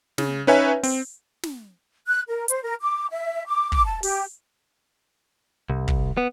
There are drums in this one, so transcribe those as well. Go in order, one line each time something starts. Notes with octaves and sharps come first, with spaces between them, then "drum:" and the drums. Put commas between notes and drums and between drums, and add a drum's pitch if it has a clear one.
C#3, drum: snare
C#4 D#4 B4 C#5 E5 G#5
C4, drum: open hi-hat
drum: snare
F#6
A#4
C5, drum: hi-hat
A#4
D6
E5
D6
D6, drum: kick
A5
G4, drum: open hi-hat
C2
drum: kick
B3